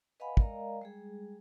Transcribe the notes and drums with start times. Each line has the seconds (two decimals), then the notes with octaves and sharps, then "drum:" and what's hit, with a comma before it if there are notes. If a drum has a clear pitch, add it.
0.20 B4 D#5 F5 F#5 G#5 B5
0.37 G#3 A#4 D5 D#5 F5 A#5, drum: kick
0.81 G3 G#3 G#4